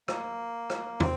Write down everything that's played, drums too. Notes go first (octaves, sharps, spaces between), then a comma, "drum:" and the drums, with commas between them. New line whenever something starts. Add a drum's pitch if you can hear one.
A#3, drum: rim click
drum: rim click
C4, drum: tom